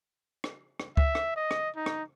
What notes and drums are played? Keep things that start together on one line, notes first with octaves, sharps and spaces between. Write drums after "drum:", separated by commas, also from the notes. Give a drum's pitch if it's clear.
drum: rim click
drum: rim click
E5, drum: kick C#2
drum: rim click
D#5
drum: rim click
D#4
drum: rim click